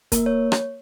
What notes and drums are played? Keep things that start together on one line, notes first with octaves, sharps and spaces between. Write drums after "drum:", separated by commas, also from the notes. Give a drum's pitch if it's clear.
A#3 A#4, drum: kick, hi-hat
C#5
drum: rim click